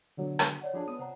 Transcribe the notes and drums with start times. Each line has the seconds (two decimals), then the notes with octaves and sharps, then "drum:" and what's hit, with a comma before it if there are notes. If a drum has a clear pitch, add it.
0.17 B2 D3 F#3
0.39 drum: rim click
0.61 C#5 D5 F#5
0.74 F3 D4 F4 G#4 A5
0.87 B3 D#6
0.99 C3 C5 F#5 A#5